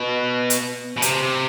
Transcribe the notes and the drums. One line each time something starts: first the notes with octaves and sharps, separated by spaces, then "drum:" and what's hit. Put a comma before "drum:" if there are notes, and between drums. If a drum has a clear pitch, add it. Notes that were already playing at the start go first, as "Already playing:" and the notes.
Already playing: B2
drum: hi-hat
B2
C3, drum: hi-hat